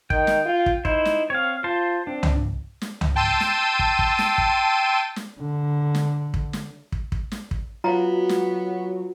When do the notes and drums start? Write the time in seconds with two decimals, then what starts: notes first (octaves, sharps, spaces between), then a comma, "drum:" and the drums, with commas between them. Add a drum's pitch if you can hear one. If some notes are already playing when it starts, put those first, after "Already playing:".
0.10 D#3 G5, drum: kick
0.27 drum: snare
0.46 F4
0.66 drum: kick
0.85 D#4 E4 C5, drum: kick
1.05 drum: snare
1.30 C4 C#5 F5
1.64 F4 C5 A5 C6
2.07 C4 D4
2.23 drum: tom C2
2.82 drum: snare
3.01 drum: tom C2
3.16 G5 A5 C6 E6 D#7
3.40 drum: snare
3.79 drum: kick
3.99 drum: kick
4.18 drum: snare
4.38 drum: kick
5.16 drum: snare
5.40 D3
5.95 drum: snare
6.34 drum: kick
6.53 drum: snare
6.92 drum: kick
7.12 drum: kick
7.32 drum: snare
7.51 drum: kick
7.84 F#3 B3 F4 A#5
8.29 drum: snare